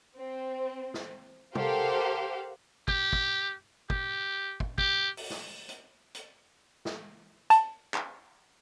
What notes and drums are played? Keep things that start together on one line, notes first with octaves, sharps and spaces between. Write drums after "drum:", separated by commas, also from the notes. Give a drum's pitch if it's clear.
C4
drum: snare
G4 A4 A#4 C5 F5 F#5, drum: tom
G4, drum: kick
drum: kick
G4, drum: kick
drum: kick
G4, drum: kick
drum: open hi-hat
drum: snare
drum: hi-hat
drum: hi-hat
drum: snare
A5, drum: hi-hat
drum: clap